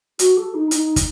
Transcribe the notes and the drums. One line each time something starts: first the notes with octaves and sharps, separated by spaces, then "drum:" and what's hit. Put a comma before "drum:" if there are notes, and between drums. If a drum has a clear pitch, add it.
F#4, drum: hi-hat
A4
D#4
D#4, drum: hi-hat
drum: kick, hi-hat